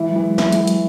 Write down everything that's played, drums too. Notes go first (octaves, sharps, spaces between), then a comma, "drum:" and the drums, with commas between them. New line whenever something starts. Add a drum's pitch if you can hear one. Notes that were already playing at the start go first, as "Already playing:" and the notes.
Already playing: E3 G#3 E4
F#3
E3
G#3
F#3 E4, drum: snare
G#3, drum: hi-hat
E4
F#3, drum: hi-hat